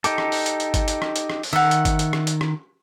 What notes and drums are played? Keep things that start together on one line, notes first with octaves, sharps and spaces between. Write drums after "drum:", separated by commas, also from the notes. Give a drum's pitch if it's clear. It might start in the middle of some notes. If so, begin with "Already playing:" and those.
D#4 G4 A4 D6, drum: hi-hat
drum: rim click
drum: open hi-hat
drum: hi-hat
drum: hi-hat
drum: kick G1, hi-hat
drum: hi-hat
drum: rim click
drum: hi-hat
drum: rim click
drum: open hi-hat
D#3 E5 F#5
drum: hi-hat
drum: kick G1, hi-hat
drum: hi-hat
drum: rim click
drum: hi-hat
drum: rim click